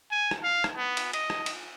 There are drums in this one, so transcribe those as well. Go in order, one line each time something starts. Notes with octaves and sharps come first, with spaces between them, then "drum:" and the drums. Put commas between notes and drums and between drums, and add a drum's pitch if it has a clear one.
G#5
drum: rim click
F5
drum: rim click
B3
drum: cymbal
D#5, drum: cymbal
drum: rim click
drum: cymbal